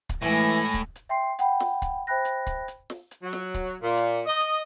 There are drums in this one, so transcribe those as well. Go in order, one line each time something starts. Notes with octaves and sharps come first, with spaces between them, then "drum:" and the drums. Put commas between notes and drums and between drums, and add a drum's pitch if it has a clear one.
drum: kick, hi-hat
A2 E3 G#3 A3 G#5 A#6
drum: hi-hat
drum: kick, hi-hat
drum: hi-hat
E5 G5 C6 C7
F#5 G5 B5, drum: hi-hat
drum: snare
drum: kick, hi-hat
C5 E5 G5 B5 F#6 A#6
drum: hi-hat
drum: kick, hi-hat
drum: hi-hat
drum: snare
drum: hi-hat
F#3
drum: snare
drum: kick, hi-hat
A#2
drum: hi-hat
D#5
drum: hi-hat